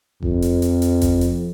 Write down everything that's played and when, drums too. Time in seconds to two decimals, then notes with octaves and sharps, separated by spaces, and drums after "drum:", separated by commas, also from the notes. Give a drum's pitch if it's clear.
0.23 F2, drum: kick F1
0.42 drum: hi-hat
0.62 drum: hi-hat
0.82 drum: hi-hat
1.01 drum: kick F1, hi-hat
1.21 drum: hi-hat